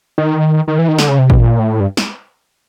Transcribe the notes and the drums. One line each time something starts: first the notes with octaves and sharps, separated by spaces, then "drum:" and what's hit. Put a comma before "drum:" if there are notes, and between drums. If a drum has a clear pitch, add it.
D#3
D#3
E3
D#3
D3, drum: snare
C#3
C3
B2, drum: kick G#1
A#2
A2
G2
drum: snare